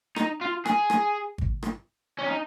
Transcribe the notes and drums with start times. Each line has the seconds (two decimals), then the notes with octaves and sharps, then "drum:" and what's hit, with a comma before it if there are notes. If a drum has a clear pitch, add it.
0.16 D#4, drum: rim click
0.41 F4
0.66 G#4, drum: rim click
0.90 drum: rim click
1.38 drum: kick G#1
1.63 drum: rim click
2.19 C#4
2.27 D#4